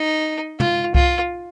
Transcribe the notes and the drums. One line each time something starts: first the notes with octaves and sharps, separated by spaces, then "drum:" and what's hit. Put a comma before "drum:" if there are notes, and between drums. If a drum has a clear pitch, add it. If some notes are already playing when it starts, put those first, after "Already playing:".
Already playing: D#4
F4, drum: tom
F4, drum: kick C2